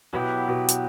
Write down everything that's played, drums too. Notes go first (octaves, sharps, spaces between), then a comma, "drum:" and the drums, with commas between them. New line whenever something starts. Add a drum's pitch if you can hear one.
B2 F#3 B3 E4 G4
B2
drum: hi-hat